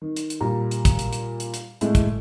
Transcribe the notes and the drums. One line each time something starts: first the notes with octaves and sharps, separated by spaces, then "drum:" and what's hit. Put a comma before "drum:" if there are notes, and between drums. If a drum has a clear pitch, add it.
D#3
drum: hi-hat
drum: hi-hat
A#2 G3 A#5
drum: hi-hat
drum: kick, hi-hat
drum: hi-hat
drum: hi-hat
drum: hi-hat
drum: hi-hat
A2 G#3 A3, drum: hi-hat
drum: kick, hi-hat